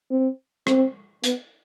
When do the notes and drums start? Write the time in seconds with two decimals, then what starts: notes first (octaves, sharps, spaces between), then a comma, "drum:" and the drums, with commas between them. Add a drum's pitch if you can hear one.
0.11 C4
0.67 C4, drum: rim click
1.24 B3, drum: hi-hat